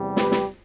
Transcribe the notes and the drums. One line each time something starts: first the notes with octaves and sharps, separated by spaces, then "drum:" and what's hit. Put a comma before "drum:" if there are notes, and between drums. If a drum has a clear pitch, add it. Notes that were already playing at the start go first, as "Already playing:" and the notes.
Already playing: E2 C3 G3
G4 B4, drum: snare
drum: snare